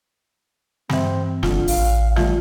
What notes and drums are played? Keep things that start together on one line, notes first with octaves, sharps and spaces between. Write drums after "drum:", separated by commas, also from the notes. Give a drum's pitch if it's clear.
G2 E3 C4, drum: snare
F#1 D3 F4, drum: snare
A1 F5, drum: open hi-hat
E3 G3 A3 F4, drum: snare